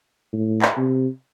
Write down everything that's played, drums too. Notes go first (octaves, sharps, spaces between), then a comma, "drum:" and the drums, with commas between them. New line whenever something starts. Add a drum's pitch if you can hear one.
A2
drum: clap
C3